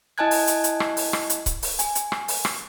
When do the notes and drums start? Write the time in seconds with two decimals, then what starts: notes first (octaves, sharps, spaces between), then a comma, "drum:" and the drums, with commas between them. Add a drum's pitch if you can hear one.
0.18 E4 D#5 G#5 A5 F#6 G#6
0.31 drum: open hi-hat
0.47 drum: hi-hat
0.64 drum: hi-hat
0.80 drum: rim click
0.97 drum: open hi-hat
1.13 drum: rim click
1.30 drum: hi-hat
1.46 drum: kick C#1, hi-hat
1.62 drum: open hi-hat
1.79 G#5, drum: hi-hat
1.95 drum: hi-hat
2.12 drum: rim click
2.28 drum: open hi-hat
2.45 drum: rim click